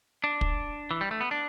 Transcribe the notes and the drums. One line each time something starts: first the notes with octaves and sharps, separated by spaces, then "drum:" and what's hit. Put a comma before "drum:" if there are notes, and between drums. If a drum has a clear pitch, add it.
D4
drum: kick
E3
G3
A3
B3
D4